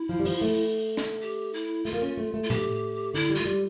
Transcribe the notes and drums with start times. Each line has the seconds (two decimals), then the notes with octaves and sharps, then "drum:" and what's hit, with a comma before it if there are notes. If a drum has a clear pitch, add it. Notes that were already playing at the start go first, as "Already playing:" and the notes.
Already playing: E4
0.09 F3
0.20 G3
0.25 F3, drum: open hi-hat
0.42 A3
0.97 drum: snare
1.22 G4
1.54 E4
1.85 A3 F4
1.93 A#3
2.02 C#4
2.18 A3
2.34 A3
2.43 F4
2.50 G4, drum: tom A2
3.14 D3 E4
3.30 G3
3.35 A3 F4
3.45 G3